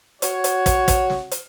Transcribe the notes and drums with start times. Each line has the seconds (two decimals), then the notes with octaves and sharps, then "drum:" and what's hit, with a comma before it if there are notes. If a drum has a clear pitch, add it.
0.22 F#4 C#5, drum: hi-hat
0.44 drum: hi-hat
0.66 drum: kick, hi-hat
0.88 drum: kick, hi-hat
1.10 drum: snare
1.31 drum: hi-hat